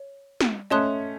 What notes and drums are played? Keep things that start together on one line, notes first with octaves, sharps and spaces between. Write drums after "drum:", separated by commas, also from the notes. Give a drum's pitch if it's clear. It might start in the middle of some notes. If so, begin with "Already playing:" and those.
Already playing: C#5
drum: snare
A3 C#4 D#5 A5 C6 D#6 F#6